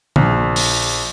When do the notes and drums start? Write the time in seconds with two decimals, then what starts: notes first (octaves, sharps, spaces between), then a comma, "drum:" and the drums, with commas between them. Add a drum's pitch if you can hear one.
0.16 A#1, drum: tom
0.56 drum: open hi-hat